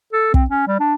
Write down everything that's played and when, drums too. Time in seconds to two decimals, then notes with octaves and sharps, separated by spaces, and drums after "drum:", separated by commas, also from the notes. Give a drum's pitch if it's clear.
0.13 A4
0.34 C4, drum: kick
0.50 C#4
0.67 G3
0.80 D4